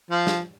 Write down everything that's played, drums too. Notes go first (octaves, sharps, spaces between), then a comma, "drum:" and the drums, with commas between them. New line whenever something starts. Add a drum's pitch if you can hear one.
F3
drum: snare